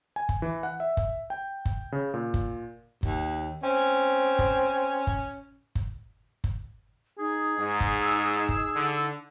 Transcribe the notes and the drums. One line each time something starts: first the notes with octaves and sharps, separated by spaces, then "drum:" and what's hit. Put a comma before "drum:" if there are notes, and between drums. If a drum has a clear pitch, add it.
G#5
drum: kick F#1
E3
F#5
E5
drum: kick F#1
G5
drum: kick F#1
C#3
A#2
drum: kick F#1
D#2, drum: kick F#1
C4 C#4
drum: kick F#1
drum: kick F#1
drum: kick F#1
drum: kick F#1
D#4 G#4
G#2 D#4
drum: kick F#1
E6
drum: kick F#1
D3